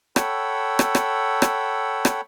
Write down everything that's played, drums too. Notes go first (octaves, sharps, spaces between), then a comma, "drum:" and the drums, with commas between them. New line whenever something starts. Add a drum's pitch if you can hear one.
A4 C#5 F#5 G5 B5 E6, drum: rim click
drum: rim click
drum: rim click
drum: rim click
drum: rim click